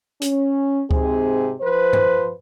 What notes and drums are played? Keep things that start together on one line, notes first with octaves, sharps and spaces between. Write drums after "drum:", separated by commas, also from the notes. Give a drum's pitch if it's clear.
C#4, drum: hi-hat
G#2 C3 C4 G#4, drum: kick C#2
F3 B4 C5
drum: tom G2